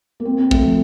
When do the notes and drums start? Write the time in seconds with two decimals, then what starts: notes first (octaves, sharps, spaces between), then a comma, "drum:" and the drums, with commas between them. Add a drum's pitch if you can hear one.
0.20 A#3
0.25 C4
0.39 C4
0.51 A3, drum: kick
0.64 F3